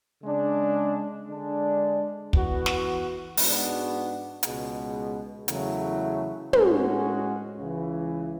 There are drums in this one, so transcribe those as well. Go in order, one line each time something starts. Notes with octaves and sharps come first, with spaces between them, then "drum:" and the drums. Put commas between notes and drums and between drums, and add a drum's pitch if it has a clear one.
C#3 G#3 D4
D3 G#3 D4
E3 B3 F#4, drum: kick
drum: snare
G#2 G#3 B3 D4 F#4, drum: open hi-hat
C#2 B2 G#3, drum: hi-hat
E2 C#3 F#3 A3 E4, drum: hi-hat
A2 G#3 C#4 F#4, drum: tom
C#2 C#3 E3